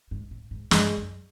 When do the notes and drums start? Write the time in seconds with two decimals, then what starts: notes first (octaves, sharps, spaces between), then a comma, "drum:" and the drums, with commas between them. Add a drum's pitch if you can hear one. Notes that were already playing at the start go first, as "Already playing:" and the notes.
0.11 G#2
0.31 A2
0.51 G#2
0.71 G2 G#3, drum: snare
0.97 F#2